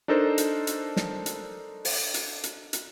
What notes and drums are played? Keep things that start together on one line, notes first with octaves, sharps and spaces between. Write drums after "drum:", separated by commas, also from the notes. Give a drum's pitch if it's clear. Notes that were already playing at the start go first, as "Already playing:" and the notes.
D4 D#4 A4 A#4 C5
drum: hi-hat
drum: hi-hat
drum: snare
drum: hi-hat
drum: open hi-hat
drum: hi-hat
drum: hi-hat
drum: hi-hat